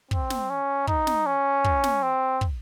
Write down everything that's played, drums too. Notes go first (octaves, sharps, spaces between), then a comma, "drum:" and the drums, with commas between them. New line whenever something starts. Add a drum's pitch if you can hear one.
C4, drum: kick
drum: snare
C#4
D#4, drum: kick
drum: snare
C#4
drum: kick
drum: snare
C4
drum: kick